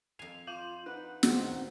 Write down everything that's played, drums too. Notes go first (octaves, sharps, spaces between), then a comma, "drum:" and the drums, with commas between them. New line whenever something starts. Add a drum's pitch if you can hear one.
F2 G#5 C7 F7
F4 F5 D6 G6 F#7
D#4 B4 F#5 F#6
A#2 D#3 F3, drum: snare